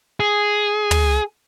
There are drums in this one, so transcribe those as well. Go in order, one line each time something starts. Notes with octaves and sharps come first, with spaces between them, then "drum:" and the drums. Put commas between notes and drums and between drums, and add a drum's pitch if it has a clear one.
G#4
drum: tom